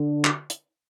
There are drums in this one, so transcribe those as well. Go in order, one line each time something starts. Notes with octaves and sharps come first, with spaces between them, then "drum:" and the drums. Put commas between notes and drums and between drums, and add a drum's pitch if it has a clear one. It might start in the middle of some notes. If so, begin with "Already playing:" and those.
Already playing: D3
drum: clap
drum: hi-hat